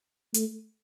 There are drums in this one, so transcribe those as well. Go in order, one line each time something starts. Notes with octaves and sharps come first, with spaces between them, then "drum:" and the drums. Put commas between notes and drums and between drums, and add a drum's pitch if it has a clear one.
A3, drum: hi-hat